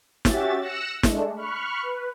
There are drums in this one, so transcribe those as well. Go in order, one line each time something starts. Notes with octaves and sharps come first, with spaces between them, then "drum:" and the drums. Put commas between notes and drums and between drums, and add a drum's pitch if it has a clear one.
C#4 F#4 G4 E5 A6, drum: snare
E6 F#6 A#6 C#7 E7
G#3 A3 D4, drum: snare
B5 C#6 F6 F#6
B4